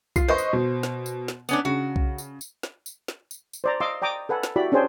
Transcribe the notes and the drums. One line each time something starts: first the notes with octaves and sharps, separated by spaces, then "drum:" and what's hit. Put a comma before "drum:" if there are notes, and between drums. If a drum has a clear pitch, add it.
F4 C7, drum: kick B1, tambourine
B4 C5 D#5 C#6
drum: tambourine
B2
drum: snare
drum: tambourine
drum: snare
B3 C#4 D4, drum: tambourine
C#3 F#4
drum: kick B1
drum: tambourine
drum: tambourine
drum: snare
drum: tambourine
drum: snare
drum: tambourine
drum: tambourine
C5 D5 A#5
D#5 F5 C6 D6 E6
D5 G5 A#5 D6 D#6
A4 B4 F#5 G#5
drum: snare
E4 F#4 G4 D5 B5
C#4 D4 G#4 C5 G5 G#5